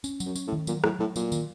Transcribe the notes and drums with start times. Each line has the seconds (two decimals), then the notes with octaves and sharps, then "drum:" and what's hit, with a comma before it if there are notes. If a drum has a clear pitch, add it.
0.04 C#4, drum: tambourine
0.20 F#3, drum: tambourine
0.26 F#2
0.36 C#4, drum: tambourine
0.47 A2
0.53 D#3
0.67 A#2 F#3, drum: tambourine
0.84 A2 F#3, drum: rim click
0.99 A2 F#3
1.16 A#2 F#3, drum: tambourine
1.32 D#3, drum: tambourine